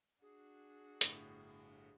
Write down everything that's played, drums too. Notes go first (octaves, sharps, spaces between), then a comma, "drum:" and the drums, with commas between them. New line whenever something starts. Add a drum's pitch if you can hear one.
D4 F#4 G#4
G1 A2, drum: hi-hat